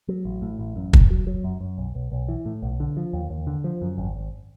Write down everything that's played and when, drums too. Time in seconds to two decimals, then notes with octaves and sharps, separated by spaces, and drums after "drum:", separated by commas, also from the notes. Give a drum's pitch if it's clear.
0.08 F#3
0.25 A1
0.42 A2
0.59 A1
0.76 F#2
0.93 F#1, drum: kick
1.10 F#3
1.27 F#3
1.44 F#2
1.61 F#2
1.78 B1
1.95 B1
2.12 B1
2.28 E3
2.46 A2
2.62 B1
2.80 D3
2.97 F3
3.13 D#2
3.30 D#2
3.47 D3
3.64 F3
3.82 F#2
3.98 G#1
4.15 G#1